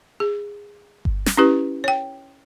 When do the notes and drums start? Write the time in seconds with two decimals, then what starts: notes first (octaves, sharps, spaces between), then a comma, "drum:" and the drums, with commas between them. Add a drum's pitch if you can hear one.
0.20 G#4
1.05 drum: kick G1
1.26 drum: snare
1.37 C#4 E4 G4 B4
1.84 C#5 G5